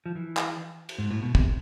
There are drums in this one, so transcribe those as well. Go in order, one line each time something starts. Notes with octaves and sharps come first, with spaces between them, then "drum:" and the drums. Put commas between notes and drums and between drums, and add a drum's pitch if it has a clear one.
F3
E3
drum: clap
drum: cymbal
G#2
A2
B2
C3, drum: kick